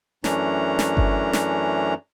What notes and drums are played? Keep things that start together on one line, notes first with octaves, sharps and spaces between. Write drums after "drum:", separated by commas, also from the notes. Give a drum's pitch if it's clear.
F#2 E3 A3 C#4 D4 A#5, drum: snare
drum: snare
drum: kick G1
drum: snare